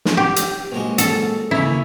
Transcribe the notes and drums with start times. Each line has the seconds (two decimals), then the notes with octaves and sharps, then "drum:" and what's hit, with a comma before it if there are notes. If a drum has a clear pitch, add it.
0.05 drum: snare
0.17 G4
0.36 drum: hi-hat
0.72 A#1 F#3 G#3
0.98 A4, drum: hi-hat
1.51 D#2 C#3 E4